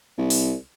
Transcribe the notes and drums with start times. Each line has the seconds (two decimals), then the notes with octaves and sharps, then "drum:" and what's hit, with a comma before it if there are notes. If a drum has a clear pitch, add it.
0.18 C2
0.30 drum: open hi-hat